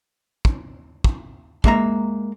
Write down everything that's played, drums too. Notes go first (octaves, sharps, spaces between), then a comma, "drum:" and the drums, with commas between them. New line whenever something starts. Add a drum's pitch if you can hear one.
drum: kick
drum: kick
G#3 A#3 E5 A#5, drum: kick